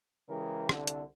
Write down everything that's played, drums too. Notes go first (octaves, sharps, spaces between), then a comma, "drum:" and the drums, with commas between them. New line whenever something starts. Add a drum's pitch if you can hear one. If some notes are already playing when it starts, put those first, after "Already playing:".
C#3 E3 G#3 G4 A#4
C2 D3, drum: rim click
drum: hi-hat